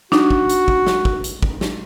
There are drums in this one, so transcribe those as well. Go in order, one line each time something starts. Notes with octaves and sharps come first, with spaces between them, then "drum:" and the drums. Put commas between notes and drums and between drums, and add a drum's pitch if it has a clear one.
D4 D#4 F#4, drum: snare
drum: kick
drum: hi-hat
drum: kick
drum: snare
drum: kick
drum: hi-hat
drum: kick
drum: snare